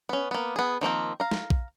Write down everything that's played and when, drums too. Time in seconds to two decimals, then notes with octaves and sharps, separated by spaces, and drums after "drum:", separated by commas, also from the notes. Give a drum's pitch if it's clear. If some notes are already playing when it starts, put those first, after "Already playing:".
0.09 B3 C#4
0.31 A#3 B3
0.56 B3 G#4
0.81 D#3 F3 A#3 C4
1.20 F5 A#5
1.31 drum: snare
1.50 drum: kick